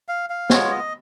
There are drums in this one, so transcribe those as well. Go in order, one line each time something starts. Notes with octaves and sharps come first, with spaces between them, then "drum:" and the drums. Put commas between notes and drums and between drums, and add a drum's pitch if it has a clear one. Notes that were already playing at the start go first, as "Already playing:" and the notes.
F5
F5
G#3 B3 F4 C#5, drum: snare
D#5